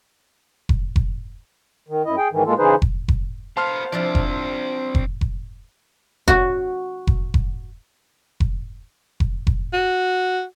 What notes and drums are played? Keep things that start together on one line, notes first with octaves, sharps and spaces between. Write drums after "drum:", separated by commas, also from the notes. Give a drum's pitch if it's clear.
drum: kick F1
drum: kick F1
D#3
F#2 E4 D#5
G#4 G5
G#2 D#3 E3
A2 G#3 A#3 F4 A4
C#3 E3 D#4 G#4 B4 C5
drum: kick F1
drum: kick F1
B3 C5 F5 A5 C6 F6
F3 C4 D4 E4 D5
drum: kick F1
drum: kick F1
drum: kick F1
F#4, drum: kick F1
drum: kick F1
drum: kick F1
drum: kick F1
drum: kick F1
drum: kick F1
F#4